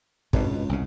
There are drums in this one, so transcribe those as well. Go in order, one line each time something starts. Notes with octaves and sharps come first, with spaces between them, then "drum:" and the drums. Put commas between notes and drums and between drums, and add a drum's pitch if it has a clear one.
G#1 G2 B2, drum: kick
C#2
C2 C#3